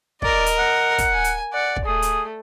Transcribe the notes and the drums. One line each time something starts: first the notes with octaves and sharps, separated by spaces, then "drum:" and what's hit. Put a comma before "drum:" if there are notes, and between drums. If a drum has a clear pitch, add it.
A#4 D5 D#5, drum: kick
drum: hi-hat
F#5
drum: kick, hi-hat
G#5
drum: hi-hat
D5 F#5
drum: kick
A3 G#4
drum: hi-hat